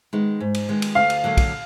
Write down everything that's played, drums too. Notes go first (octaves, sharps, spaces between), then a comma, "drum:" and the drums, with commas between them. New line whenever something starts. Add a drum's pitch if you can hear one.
D#3 G#3 B3 D#4
G#2
drum: cymbal
D#3 G#3 B3 D#4
drum: cymbal
D2 F5
drum: cymbal
D3 F#3 A#3
drum: kick, cymbal